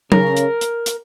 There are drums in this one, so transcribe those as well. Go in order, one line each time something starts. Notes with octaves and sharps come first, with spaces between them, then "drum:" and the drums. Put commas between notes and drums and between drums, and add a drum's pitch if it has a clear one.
C#3 A#4, drum: tom F#3
drum: hi-hat
drum: hi-hat
drum: hi-hat